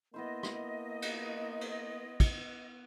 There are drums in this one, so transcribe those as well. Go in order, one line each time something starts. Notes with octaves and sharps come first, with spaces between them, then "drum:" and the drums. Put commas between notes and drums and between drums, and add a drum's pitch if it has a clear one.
A#3 B3 E4 C5 D#5
drum: rim click
drum: cymbal
drum: cymbal
drum: kick, cymbal